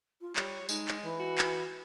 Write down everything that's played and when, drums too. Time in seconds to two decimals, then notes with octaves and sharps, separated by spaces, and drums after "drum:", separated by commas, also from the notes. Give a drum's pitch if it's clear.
0.21 F4
0.36 G3 C#5, drum: clap
0.69 G#3 D#4, drum: tambourine
0.88 drum: clap
1.02 E3
1.19 F#4
1.38 drum: clap